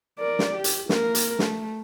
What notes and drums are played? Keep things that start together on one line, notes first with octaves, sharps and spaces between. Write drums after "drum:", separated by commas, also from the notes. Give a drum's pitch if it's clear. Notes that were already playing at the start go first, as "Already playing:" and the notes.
A#4 D5
drum: snare
G4
drum: hi-hat
A#3 A#4, drum: snare
drum: hi-hat
A3, drum: snare